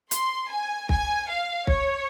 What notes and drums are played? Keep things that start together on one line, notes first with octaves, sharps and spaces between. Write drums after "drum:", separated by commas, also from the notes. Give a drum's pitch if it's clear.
C6, drum: hi-hat
G#5
G#5, drum: kick
F5
C#5, drum: kick